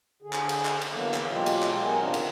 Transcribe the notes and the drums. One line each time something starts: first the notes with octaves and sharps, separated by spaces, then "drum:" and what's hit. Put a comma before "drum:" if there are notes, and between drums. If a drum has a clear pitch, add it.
D3 G#4
drum: clap
drum: cymbal
drum: clap
drum: cymbal
D3 E3 F#3 A#3 B3
drum: clap
B2 F#3 G#3 F4 G4
drum: cymbal
drum: clap
B3 G#4 A#4 F#5 G#5
A2 D#3 C4 D4 D#4 F4
C#3 E3 C4, drum: cymbal